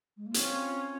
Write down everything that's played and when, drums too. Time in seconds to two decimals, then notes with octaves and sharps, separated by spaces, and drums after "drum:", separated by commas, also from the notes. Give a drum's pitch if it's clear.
0.17 G#3
0.26 A#3
0.34 C4 C#4 F4, drum: hi-hat